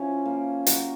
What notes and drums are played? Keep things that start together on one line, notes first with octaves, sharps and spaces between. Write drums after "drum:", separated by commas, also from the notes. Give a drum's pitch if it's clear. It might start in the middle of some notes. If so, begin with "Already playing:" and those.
Already playing: F3 C#4 E4
A#3
F#3, drum: hi-hat